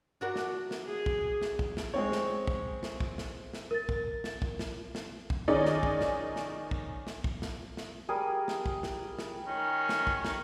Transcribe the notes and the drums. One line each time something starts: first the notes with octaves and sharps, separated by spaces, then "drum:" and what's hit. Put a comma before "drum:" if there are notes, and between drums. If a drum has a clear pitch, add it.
D4 F#4 A#4
drum: snare
drum: snare
G#4
drum: kick
drum: snare
drum: kick
drum: snare
G#3 C4 C#5
drum: snare
drum: kick
drum: snare
drum: kick
drum: snare
drum: snare
A#4 A6
drum: kick
drum: snare
drum: kick
drum: snare
drum: snare
drum: kick
D#3 C#4 D#4 G#4 D5
drum: snare
drum: kick
drum: snare
drum: snare
drum: kick
drum: snare
drum: kick
drum: snare
drum: snare
G3 G#4 A#4
drum: snare
drum: kick
drum: snare
drum: snare
D#3 C#4
drum: snare
drum: kick
drum: snare